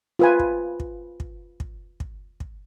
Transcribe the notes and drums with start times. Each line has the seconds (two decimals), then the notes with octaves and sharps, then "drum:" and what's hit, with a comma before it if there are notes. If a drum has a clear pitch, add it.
0.19 F4 B4 G#5
0.39 drum: kick
0.80 drum: kick
1.20 drum: kick
1.60 drum: kick
2.00 drum: kick
2.40 drum: kick